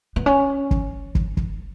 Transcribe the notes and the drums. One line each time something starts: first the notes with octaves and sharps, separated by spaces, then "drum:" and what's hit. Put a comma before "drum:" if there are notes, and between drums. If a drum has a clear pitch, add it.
B3
C#4
drum: kick
drum: kick
drum: kick